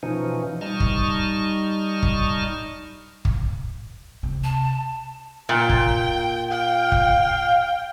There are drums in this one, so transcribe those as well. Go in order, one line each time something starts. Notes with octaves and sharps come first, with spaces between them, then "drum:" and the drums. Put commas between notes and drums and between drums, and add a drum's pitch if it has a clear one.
B2 E3 F3 C#4 D#4
G3 D#4 D#5 A5 C#6 F6
drum: kick
drum: kick
drum: kick
C3
A5
A#2 G5
drum: kick
F5 G5
drum: kick